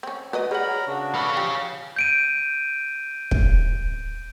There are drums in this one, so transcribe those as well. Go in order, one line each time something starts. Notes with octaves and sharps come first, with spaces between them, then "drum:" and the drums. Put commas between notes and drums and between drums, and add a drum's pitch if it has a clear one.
C4 C#4
F#4 A#4 B4 D5 D#5
G3 G#4 A#4 C#5 F#5 A#5 B5
C#3 D4 F#4
A4 B4 C#5 D5 F5 B5
F3 G4
G6 D7 D#7
drum: kick